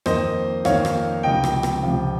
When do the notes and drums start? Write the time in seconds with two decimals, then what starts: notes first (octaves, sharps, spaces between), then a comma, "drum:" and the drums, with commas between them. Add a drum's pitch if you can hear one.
0.06 F2 D#3 A#3 C5 D#5, drum: rim click
0.65 F2 D#3 A#3 C#5 F5, drum: rim click
0.85 drum: rim click
1.23 C#2 C3 F3 D#5 G5
1.44 drum: rim click
1.63 drum: rim click
1.83 C#2 C3 F3